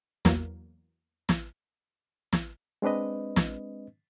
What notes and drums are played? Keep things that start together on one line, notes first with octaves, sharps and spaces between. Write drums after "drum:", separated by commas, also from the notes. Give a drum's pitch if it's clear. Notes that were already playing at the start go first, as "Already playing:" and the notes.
E2 F#3 A#3, drum: snare
drum: snare
drum: snare
G#3 C4 D4 B4 D#5
drum: snare